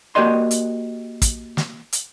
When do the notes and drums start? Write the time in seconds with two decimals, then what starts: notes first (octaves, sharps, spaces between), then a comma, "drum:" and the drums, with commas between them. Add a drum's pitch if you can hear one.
0.15 A#3 F#4 G4 D5 D#5 C6
0.51 drum: hi-hat
1.22 drum: kick, hi-hat
1.57 drum: snare
1.93 drum: hi-hat